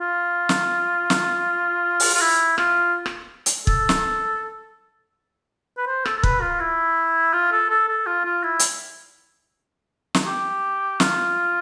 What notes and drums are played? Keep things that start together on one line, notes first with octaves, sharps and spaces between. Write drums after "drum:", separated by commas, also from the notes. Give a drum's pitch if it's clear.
F4
drum: snare
drum: snare
drum: open hi-hat
F4
E4
F4, drum: rim click
drum: rim click
drum: hi-hat
A4, drum: kick
drum: snare
B4
C5
A4, drum: rim click
A4
B4, drum: kick
F4
E4
F4
A4
A4
A4
F4
F4
E4
drum: hi-hat
drum: snare
G4
F4, drum: snare